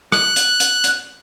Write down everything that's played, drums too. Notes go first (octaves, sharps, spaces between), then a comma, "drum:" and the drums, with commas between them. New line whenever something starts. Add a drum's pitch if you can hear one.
F#6, drum: rim click
drum: hi-hat
drum: hi-hat
drum: hi-hat